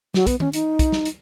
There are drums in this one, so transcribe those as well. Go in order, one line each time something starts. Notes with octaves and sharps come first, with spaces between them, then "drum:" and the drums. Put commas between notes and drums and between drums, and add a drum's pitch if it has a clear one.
F#3, drum: snare
B3, drum: kick, hi-hat
C#4, drum: tom D#3
D#4, drum: hi-hat
drum: kick, hi-hat
drum: snare
drum: hi-hat